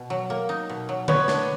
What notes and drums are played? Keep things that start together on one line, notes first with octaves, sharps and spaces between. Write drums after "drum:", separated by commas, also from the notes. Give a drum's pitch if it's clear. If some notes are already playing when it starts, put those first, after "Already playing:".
Already playing: B2
F#3
A#3
D#4
B2
F#3
B3 B4 C#5, drum: tom D3
D4, drum: snare